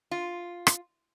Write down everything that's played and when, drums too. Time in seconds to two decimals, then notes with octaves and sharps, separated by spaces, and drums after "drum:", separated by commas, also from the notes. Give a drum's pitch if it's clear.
0.11 F4
0.67 drum: rim click